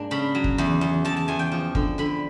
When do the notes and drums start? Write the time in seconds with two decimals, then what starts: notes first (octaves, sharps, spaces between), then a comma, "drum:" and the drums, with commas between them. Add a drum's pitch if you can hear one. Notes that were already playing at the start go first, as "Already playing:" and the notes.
Already playing: G#2 A#3 D4
0.11 C#3 B5
0.35 F#3
0.44 drum: kick
0.58 E2
0.81 E2
1.05 E2 A5
1.16 A5
1.28 E2 G#5
1.39 G5
1.52 F3
1.75 D3, drum: kick
1.98 D3 B5